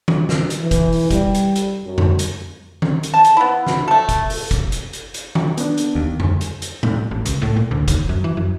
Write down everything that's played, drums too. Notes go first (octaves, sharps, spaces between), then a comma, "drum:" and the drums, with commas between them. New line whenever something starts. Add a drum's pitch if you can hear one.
drum: tom D#3
drum: snare
drum: hi-hat
E3
drum: kick, hi-hat
drum: open hi-hat
G3, drum: kick, hi-hat
drum: hi-hat
drum: hi-hat
F#2
drum: tom F2
drum: hi-hat
drum: tom D#3
drum: hi-hat
A5
drum: hi-hat
B3 E4
drum: snare
A3 A4
drum: kick, hi-hat
drum: open hi-hat
drum: kick, hi-hat
drum: hi-hat
drum: hi-hat
drum: hi-hat
drum: tom D#3
B3 D4, drum: hi-hat
drum: hi-hat
D#2
drum: tom F2
drum: hi-hat
drum: hi-hat
drum: tom A2
A1
C#2, drum: hi-hat
A2
A#2
D2
D#2, drum: kick, hi-hat
F#2
E3
F#2